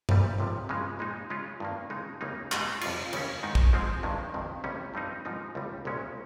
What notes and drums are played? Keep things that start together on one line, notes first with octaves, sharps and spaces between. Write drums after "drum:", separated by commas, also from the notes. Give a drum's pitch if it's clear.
C2 A#2 G3, drum: tom G2
C#2 C3 F3
C#3 F3 G#3
A#2 G#3 D#4
C#3 G#3 C#4 F4
G2 D#3 A#3
C#3 G#3 D#4
C#2 C#3 G3 A#3 D#4
G#2 G3 A#3, drum: clap
F2 C3 G3 C#4 F4, drum: cymbal
D#2 C#3 G3 C#4, drum: cymbal
G#2 D#3 G#3 D#4
drum: kick A#1
G#2 F3 G#3 C4
G2 D#3 G#3
F2 C3 D#3
C#2 C3 G3 C#4
G2 G3 C4 D#4
G#2 F3 G#3 D#4
C#2 C3 G3
C2 A#2 G#3 C#4